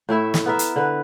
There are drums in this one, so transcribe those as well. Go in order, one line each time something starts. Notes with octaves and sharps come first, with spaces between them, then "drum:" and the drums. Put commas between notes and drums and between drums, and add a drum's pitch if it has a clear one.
A2 A3 E4 E5
drum: snare
B3 A#4 E5
drum: hi-hat
D3 B4